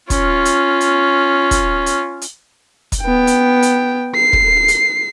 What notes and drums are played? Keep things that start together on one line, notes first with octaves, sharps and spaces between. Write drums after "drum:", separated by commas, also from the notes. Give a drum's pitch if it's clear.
C#4 F4, drum: kick, hi-hat
drum: hi-hat
drum: hi-hat
drum: kick, hi-hat
drum: hi-hat
drum: hi-hat
drum: kick, hi-hat
B3 G5
drum: hi-hat
drum: hi-hat
C7
drum: kick
drum: hi-hat